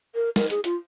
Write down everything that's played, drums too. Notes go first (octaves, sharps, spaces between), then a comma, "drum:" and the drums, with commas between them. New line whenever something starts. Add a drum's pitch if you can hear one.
A#4
A#4, drum: snare
G#4, drum: hi-hat
F4, drum: hi-hat